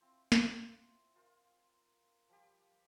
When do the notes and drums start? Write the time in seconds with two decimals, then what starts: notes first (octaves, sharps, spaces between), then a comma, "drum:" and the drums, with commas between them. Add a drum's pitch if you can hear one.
0.01 C4 E4 F4 C5
0.32 drum: snare
1.16 F4 A#4 C5 G5
2.29 F3 G3 G4